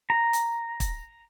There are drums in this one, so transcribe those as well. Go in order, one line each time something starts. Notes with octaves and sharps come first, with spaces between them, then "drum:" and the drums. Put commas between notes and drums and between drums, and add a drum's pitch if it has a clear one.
A#5
drum: hi-hat
drum: kick, hi-hat